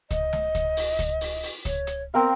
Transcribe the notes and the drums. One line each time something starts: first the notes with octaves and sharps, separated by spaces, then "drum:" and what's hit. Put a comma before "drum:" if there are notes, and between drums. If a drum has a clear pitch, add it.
D#5, drum: kick C#2, hi-hat
drum: snare
drum: kick C#2, hi-hat
drum: open hi-hat
drum: kick C#2, hi-hat
drum: open hi-hat
drum: open hi-hat
C#5, drum: kick C#2, hi-hat
drum: hi-hat
B3 C4 A#4 F5